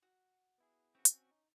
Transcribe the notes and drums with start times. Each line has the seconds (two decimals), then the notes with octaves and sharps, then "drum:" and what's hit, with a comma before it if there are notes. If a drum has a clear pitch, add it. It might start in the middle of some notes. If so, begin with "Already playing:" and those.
0.02 F#4
0.58 B3 E4 G#4
0.95 C4 C#4 F#4
1.05 drum: hi-hat
1.31 D#4